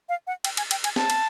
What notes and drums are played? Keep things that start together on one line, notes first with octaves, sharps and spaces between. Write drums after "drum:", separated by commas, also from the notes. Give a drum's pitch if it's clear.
F5
F#5
G5, drum: cymbal
G#5, drum: cymbal
G5, drum: cymbal
G#5, drum: cymbal
A5, drum: snare
drum: cymbal